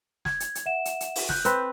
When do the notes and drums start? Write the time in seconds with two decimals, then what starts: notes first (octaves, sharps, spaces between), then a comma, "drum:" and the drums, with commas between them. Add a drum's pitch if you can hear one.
0.25 G#6, drum: snare
0.40 drum: hi-hat
0.55 drum: hi-hat
0.66 E5 F#5 E7
0.85 drum: hi-hat
1.00 drum: hi-hat
1.16 drum: open hi-hat
1.29 F#6 G6, drum: snare
1.45 C4 B4, drum: hi-hat